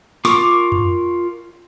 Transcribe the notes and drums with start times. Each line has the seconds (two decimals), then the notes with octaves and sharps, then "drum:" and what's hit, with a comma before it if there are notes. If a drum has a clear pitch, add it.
0.25 F4 A#4 C#6 D6, drum: snare
0.72 drum: tom F2